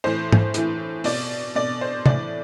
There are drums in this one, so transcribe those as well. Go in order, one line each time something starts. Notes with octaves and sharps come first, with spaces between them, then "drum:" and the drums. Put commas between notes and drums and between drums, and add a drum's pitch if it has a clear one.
A2 E3 C5
drum: tom G#2
A2 E3, drum: hi-hat
B2 D5, drum: open hi-hat
B2 D5
C5
A2 E3 D5, drum: tom